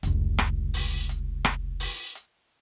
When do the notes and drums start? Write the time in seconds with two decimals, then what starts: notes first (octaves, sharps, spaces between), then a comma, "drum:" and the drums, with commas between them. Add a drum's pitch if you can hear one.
0.03 F1 C#2, drum: hi-hat
0.38 drum: rim click
0.74 drum: open hi-hat
1.09 drum: hi-hat
1.45 drum: rim click
1.80 drum: open hi-hat
2.15 drum: hi-hat